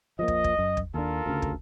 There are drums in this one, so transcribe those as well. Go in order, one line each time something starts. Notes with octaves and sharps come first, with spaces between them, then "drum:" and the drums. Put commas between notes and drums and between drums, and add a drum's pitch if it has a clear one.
F3 G#3 A#3 D#5
drum: kick
drum: kick
F#2
drum: kick
D#2 D4 F4 A4 A#4
D2 C#3
drum: kick